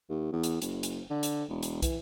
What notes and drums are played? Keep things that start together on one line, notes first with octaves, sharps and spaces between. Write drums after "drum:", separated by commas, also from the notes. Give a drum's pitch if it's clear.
D#2
E2
drum: hi-hat
F#1, drum: hi-hat
drum: hi-hat
D3
drum: hi-hat
E1
drum: hi-hat
E3, drum: kick, hi-hat